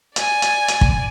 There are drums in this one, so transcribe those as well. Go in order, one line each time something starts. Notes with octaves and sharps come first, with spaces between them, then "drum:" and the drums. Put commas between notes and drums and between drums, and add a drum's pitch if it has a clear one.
D5 G#5, drum: hi-hat
drum: hi-hat
drum: hi-hat
drum: kick